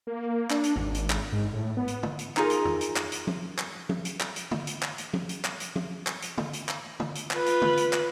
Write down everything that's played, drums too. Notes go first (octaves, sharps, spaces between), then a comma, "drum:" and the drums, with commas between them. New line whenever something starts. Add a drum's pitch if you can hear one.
A#3
D4, drum: clap
drum: hi-hat
G#1, drum: tom
drum: hi-hat
drum: clap
G#2
A2
B3
drum: hi-hat
drum: tom
drum: hi-hat
D#4 F4 G#4 A#4, drum: clap
drum: hi-hat
drum: tom
drum: hi-hat
drum: clap
drum: hi-hat
drum: tom
drum: clap
drum: tom
drum: hi-hat
drum: clap
drum: hi-hat
drum: tom
drum: hi-hat
drum: clap
drum: hi-hat
drum: tom
drum: hi-hat
drum: clap
drum: hi-hat
drum: tom
drum: clap
drum: hi-hat
drum: tom
drum: hi-hat
drum: clap
drum: tom
drum: hi-hat
F4 B4, drum: clap
drum: hi-hat
drum: tom
drum: hi-hat
drum: clap